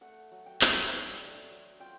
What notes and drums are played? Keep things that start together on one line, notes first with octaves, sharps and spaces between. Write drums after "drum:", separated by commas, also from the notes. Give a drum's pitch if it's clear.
A3 F#5
F#3
G5
F4, drum: clap
D4
A3
F#3
F4 G5